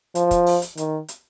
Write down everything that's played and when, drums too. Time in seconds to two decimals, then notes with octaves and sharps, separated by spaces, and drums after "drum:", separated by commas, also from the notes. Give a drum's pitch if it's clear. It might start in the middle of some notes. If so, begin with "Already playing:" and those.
0.15 F3, drum: hi-hat
0.31 drum: kick, hi-hat
0.46 drum: open hi-hat
0.62 drum: hi-hat
0.77 D#3, drum: hi-hat
1.08 drum: hi-hat